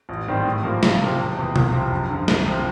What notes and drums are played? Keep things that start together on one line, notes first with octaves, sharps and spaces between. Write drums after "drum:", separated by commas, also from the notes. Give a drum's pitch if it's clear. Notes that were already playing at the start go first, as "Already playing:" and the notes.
A1
G#2 D#3 G3 C4
A2
F3 A#3
C#2, drum: snare
C3 F3 A#3
E1
E2 C3
C2, drum: tom B2
C3 F3
F#2
D3 F3
C2, drum: snare
C3 F3